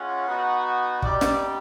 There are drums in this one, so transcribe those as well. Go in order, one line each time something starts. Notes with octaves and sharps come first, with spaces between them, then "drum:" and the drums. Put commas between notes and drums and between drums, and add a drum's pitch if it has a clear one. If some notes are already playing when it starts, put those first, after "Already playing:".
Already playing: G#3 C#4 F4 F#5
B3 D#4 F#4
G3 B3 D#4 G4 D5, drum: kick
drum: snare